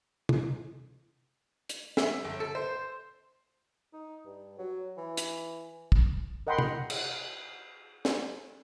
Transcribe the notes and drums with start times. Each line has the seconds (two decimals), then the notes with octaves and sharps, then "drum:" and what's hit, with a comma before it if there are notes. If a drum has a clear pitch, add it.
0.29 drum: tom
1.69 drum: hi-hat
1.97 E5, drum: snare
2.25 G1
2.40 A4
2.55 C5
3.93 D#4
4.26 G2
4.58 F#3
4.97 E3
5.17 drum: hi-hat
5.92 drum: kick
6.47 A#4 D#5 F#5 G5 B5 C6
6.58 drum: tom
6.90 drum: cymbal
8.05 drum: snare